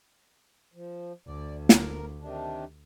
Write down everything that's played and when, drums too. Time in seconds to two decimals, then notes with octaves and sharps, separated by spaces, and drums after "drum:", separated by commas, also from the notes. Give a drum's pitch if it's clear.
0.74 F3
1.27 D2 D5
1.69 A#4, drum: snare
2.20 C3 D#3 D4